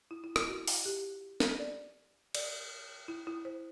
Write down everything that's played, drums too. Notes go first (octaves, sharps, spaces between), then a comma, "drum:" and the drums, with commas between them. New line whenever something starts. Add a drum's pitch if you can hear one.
E4
E4
E4, drum: rim click
F#4
drum: open hi-hat
G4
drum: snare
D5
D5, drum: cymbal
E4
E4
C5